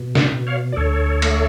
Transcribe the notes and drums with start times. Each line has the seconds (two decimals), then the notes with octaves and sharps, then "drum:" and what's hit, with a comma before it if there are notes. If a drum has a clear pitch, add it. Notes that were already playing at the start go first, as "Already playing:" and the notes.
Already playing: B2
0.15 D5 F#5, drum: snare
0.32 B2
0.47 C#5 F5
0.72 D5
0.76 D2 A4 C#5
1.22 A3, drum: cymbal